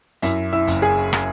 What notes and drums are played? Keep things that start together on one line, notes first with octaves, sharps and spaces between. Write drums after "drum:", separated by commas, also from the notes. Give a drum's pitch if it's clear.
F#2 E4 E5, drum: hi-hat
E4 E5
F#1, drum: hi-hat
G#4 G#5
drum: rim click